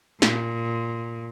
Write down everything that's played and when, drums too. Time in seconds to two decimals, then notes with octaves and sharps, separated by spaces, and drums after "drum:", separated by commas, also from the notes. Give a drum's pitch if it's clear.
0.22 A#2, drum: snare